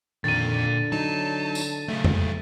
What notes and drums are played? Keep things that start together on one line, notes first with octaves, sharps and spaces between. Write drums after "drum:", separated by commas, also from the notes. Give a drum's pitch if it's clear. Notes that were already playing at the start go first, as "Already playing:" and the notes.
F2 A#2 D3 D#3 F4 A6 D#7
F#3 D#4 A5
drum: tambourine
C#3 F#3 A3 A4
drum: tom F2